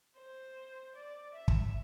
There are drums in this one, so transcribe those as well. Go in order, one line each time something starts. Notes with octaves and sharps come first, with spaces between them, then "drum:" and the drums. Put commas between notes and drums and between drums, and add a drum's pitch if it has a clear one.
C5
D5
E5
drum: kick